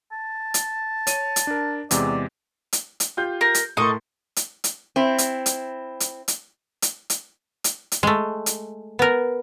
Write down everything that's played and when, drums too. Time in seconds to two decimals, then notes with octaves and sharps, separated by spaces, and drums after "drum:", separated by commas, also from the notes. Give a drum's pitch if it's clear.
0.12 A5
0.54 drum: hi-hat
1.07 C#5 D#7, drum: hi-hat
1.36 drum: hi-hat
1.47 D4 A#4
1.91 E2 C3 G#3 D5, drum: hi-hat
2.73 drum: hi-hat
3.00 drum: hi-hat
3.17 F4 G4 G6
3.41 A#4
3.55 drum: hi-hat
3.77 A2 A4 A#4 D#5 C6 C#6
4.36 drum: hi-hat
4.64 drum: hi-hat
4.96 C4 E4
5.18 drum: hi-hat
5.46 drum: hi-hat
6.00 drum: hi-hat
6.28 drum: hi-hat
6.82 drum: hi-hat
7.10 drum: hi-hat
7.64 drum: hi-hat
7.92 drum: hi-hat
8.03 G#3 A3
8.46 drum: hi-hat
8.99 B3 A#4